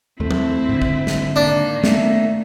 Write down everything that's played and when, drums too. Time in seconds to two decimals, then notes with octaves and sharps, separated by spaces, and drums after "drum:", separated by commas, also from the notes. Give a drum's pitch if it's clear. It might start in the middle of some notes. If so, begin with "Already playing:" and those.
0.20 D#2 A3 C4 E4
0.31 drum: tom F3
0.69 G#2 D3
0.82 drum: kick
1.07 drum: snare
1.36 D#3 A#3 D4
1.84 A3 B3 C#4, drum: snare